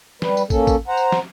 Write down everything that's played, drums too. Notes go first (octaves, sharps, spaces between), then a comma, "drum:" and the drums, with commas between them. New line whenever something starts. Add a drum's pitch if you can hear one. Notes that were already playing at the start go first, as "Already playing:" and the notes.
G3 B4, drum: snare
drum: tambourine
A#3 C#4 A4, drum: kick, tambourine
drum: kick, tambourine
C5 F#5 A#5
drum: tambourine
drum: snare